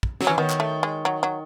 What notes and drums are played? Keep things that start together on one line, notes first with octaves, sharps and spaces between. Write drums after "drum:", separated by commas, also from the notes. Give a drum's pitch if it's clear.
drum: kick
F#3, drum: snare
E3 C#4
D#3 B3
drum: clap
A3
G#3
F#3
F#3